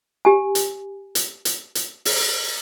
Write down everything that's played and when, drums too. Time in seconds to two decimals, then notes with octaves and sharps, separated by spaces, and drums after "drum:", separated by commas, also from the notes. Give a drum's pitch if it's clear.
0.25 G4 G#5
0.55 drum: hi-hat
1.15 drum: hi-hat
1.45 drum: hi-hat
1.75 drum: hi-hat
2.05 drum: open hi-hat